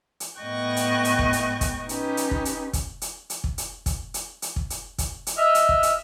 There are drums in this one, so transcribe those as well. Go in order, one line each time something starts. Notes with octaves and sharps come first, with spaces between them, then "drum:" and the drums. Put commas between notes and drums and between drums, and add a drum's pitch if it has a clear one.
drum: hi-hat
A2 B3 D#5 G5 C#6 F#6
drum: hi-hat
drum: hi-hat
drum: kick
drum: hi-hat
drum: kick, hi-hat
C#4 D#4 G4 B4, drum: hi-hat
drum: hi-hat
drum: kick
drum: hi-hat
drum: kick, hi-hat
drum: hi-hat
drum: hi-hat
drum: kick
drum: hi-hat
drum: kick, hi-hat
drum: hi-hat
drum: hi-hat
drum: kick
drum: hi-hat
drum: kick, hi-hat
drum: hi-hat
D#5 E5 F6
drum: hi-hat
drum: kick
drum: hi-hat